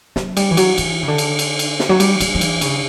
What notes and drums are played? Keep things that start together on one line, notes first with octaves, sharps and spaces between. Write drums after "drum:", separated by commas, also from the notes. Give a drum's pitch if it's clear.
F#3, drum: snare
G3, drum: cymbal
E3
F#3, drum: cymbal
E3, drum: cymbal
C#3
D3
drum: cymbal
drum: cymbal
drum: cymbal
drum: snare
F#3
G3, drum: cymbal
F#3, drum: cymbal
F#3
E3, drum: cymbal
C#3, drum: cymbal